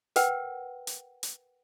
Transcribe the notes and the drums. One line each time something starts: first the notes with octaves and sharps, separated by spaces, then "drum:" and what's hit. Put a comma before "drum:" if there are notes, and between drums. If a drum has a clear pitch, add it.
A#4 B4 F#5 G5, drum: hi-hat
drum: hi-hat
drum: hi-hat